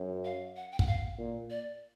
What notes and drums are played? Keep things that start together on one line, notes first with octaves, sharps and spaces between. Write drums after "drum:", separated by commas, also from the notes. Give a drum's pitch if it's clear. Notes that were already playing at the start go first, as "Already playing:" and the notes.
Already playing: F#2
F5
F#5
G5
F#5, drum: kick
F5
A#2
D5